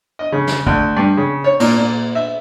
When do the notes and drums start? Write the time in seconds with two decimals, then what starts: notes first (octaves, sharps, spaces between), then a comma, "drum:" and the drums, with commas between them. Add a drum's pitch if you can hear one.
0.19 D#5
0.32 C#3
0.47 drum: snare
0.67 D2, drum: kick
0.97 G2
1.17 C#3
1.44 C#5
1.60 A#2, drum: cymbal
1.78 A#2
2.15 E5